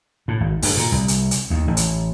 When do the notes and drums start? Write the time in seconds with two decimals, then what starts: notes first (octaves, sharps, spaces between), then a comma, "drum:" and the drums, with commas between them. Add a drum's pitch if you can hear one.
0.28 A2
0.41 G#1
0.62 G2, drum: open hi-hat
0.77 A#2
0.92 C2
1.08 drum: hi-hat
1.31 drum: hi-hat
1.50 D#2
1.67 A1
1.77 drum: hi-hat